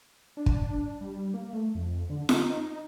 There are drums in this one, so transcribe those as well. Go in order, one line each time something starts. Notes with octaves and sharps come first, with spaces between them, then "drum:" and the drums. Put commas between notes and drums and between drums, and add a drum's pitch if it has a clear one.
D4
drum: kick
G3
A#3
A3
F2
D3
D#4, drum: snare